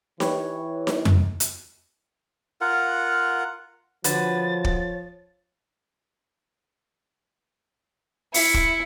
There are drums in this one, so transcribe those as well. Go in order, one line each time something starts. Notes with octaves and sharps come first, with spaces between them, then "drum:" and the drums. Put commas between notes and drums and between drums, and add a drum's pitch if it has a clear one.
E3 G4 B4 C#5, drum: snare D#4
drum: snare D#4
drum: tom F2
drum: hi-hat
F4 A#4 F#5
D3 F3 F#4 B4 C#5 A6, drum: hi-hat
drum: kick
E4 C#7, drum: open hi-hat
drum: kick